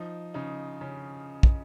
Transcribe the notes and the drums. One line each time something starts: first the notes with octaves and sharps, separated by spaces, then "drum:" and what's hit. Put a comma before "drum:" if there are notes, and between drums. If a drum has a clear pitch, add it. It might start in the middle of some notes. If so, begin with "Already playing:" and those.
Already playing: F3 D#4
C#3 D#4
C#3 C#4
drum: kick